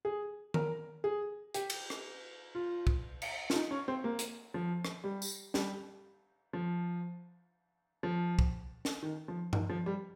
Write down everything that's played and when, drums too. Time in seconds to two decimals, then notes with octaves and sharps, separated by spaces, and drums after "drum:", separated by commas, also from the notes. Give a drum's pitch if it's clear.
0.05 G#4
0.54 A#4, drum: tom D#3
1.04 G#4
1.54 G4, drum: hi-hat
1.70 drum: cymbal
1.90 drum: rim click
2.55 F4
2.87 drum: kick
3.22 drum: cymbal
3.50 F4, drum: snare
3.54 D#4
3.71 C#4
3.88 C4
4.04 A#3
4.19 drum: hi-hat
4.54 F3
4.85 drum: rim click
5.04 G3
5.22 drum: tambourine
5.54 G3, drum: snare
6.53 F3
8.03 F3
8.39 drum: kick
8.85 drum: snare
9.02 D#3
9.28 F3
9.53 D#3, drum: tom G2
9.69 F3
9.86 G3